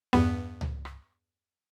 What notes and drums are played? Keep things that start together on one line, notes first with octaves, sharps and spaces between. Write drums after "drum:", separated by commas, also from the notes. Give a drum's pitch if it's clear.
E2 G2 B3
drum: tom C#2
drum: rim click